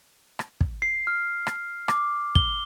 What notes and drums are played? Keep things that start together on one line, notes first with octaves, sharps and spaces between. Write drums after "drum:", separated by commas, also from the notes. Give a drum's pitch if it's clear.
drum: rim click
drum: kick
C7
F6
drum: rim click
D6, drum: rim click
G7, drum: kick